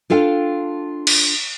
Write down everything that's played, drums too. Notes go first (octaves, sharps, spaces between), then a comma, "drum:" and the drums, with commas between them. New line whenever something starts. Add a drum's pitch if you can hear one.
D4 F4 A4 F5 G5
drum: cymbal